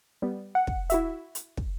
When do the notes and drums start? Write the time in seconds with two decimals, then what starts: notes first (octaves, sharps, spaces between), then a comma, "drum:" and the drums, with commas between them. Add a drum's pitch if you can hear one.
0.22 G3 B3
0.55 F#5
0.67 drum: kick
0.90 E4 F#4 E5, drum: hi-hat
1.35 drum: hi-hat
1.57 drum: kick